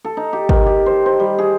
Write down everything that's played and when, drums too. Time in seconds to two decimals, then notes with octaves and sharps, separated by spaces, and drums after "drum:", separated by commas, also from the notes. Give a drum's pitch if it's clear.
0.05 A4
0.17 D#4
0.33 G4
0.49 D#3, drum: kick
0.66 G4
0.86 C5
1.06 C5
1.20 G3
1.38 G#4